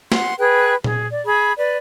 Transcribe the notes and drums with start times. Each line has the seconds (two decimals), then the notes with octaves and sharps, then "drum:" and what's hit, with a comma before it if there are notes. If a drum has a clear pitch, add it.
0.12 F#5 C6, drum: snare
0.39 G#4 B4 G5 F#6
0.84 G#4, drum: tom A#2
1.10 D5
1.26 G#4 B5
1.57 B4 D5